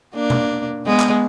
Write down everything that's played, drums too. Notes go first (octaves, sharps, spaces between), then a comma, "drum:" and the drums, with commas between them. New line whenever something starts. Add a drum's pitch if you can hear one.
A#3 D4
drum: tom B2
G#3 B3
drum: clap